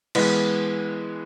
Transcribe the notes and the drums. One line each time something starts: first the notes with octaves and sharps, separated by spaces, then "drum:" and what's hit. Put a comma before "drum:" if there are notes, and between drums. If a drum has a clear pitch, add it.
E3 G#3 B3, drum: cymbal